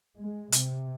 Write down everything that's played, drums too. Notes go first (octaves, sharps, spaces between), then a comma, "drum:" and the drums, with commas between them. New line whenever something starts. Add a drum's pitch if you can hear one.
G#3
C3, drum: hi-hat